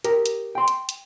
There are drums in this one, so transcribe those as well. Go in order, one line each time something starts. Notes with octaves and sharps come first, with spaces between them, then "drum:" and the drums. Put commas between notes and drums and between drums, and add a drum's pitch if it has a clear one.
G4 A#4, drum: hi-hat
drum: hi-hat
G5 C6
drum: hi-hat
drum: hi-hat